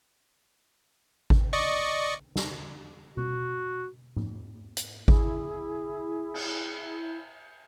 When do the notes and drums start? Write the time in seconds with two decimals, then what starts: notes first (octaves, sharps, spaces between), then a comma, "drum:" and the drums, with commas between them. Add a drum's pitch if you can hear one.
1.30 drum: kick G#1
1.53 D5 D#5 C#6
2.36 drum: snare
3.17 F#4, drum: tom B2
4.16 drum: tom G#2
4.77 drum: hi-hat
5.08 E4 G#4, drum: kick G#1
6.34 drum: cymbal